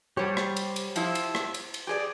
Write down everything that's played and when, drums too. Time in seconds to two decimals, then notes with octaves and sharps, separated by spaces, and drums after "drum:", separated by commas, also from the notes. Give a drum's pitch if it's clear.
0.17 G3 G4 C5 C#5 A5
0.37 drum: rim click
0.56 drum: cymbal
0.76 drum: cymbal
0.96 F3 E4, drum: cymbal
1.15 drum: cymbal
1.35 drum: rim click
1.54 drum: cymbal
1.74 drum: cymbal
1.87 G4 G#4 D5